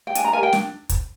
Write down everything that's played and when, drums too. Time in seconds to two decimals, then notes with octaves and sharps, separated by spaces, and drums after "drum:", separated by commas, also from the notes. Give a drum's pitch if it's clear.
0.07 G5
0.15 D4 G#5, drum: hi-hat
0.24 A#5
0.33 G4 A#4 G#5
0.43 G5
0.53 D4, drum: snare
0.89 drum: kick, hi-hat